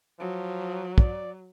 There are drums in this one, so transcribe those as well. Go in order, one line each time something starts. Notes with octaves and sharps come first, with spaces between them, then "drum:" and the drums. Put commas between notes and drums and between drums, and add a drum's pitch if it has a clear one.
F3 F#3
D5, drum: kick